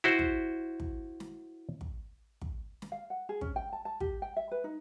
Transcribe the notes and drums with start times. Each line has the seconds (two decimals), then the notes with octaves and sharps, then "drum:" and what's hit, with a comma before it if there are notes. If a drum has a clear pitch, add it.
0.04 E4 F#4 C5
0.19 drum: kick
0.80 drum: kick
1.20 drum: snare
1.81 drum: kick
2.42 drum: kick
2.82 drum: snare
2.92 F5
3.10 F#5
3.29 G#4
3.41 C#4, drum: kick
3.56 G5
3.73 A5
3.85 A5
4.00 G4, drum: kick
4.22 G5
4.37 E5
4.51 B4
4.64 D#4